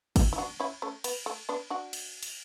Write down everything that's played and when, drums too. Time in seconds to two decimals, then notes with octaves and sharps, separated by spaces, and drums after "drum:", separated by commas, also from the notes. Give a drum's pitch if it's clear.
0.16 E4 G4, drum: kick, cymbal
0.33 E4
0.38 D4 F#4
0.60 C#4 E4
0.82 A3 C#4
1.04 B3, drum: cymbal
1.26 A3
1.49 B3 D4
1.70 D4 F#4
1.93 drum: cymbal
2.23 drum: cymbal